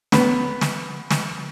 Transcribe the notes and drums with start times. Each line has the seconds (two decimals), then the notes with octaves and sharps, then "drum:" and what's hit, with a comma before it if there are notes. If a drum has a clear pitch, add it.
0.12 B3, drum: snare
0.61 drum: snare
1.11 drum: snare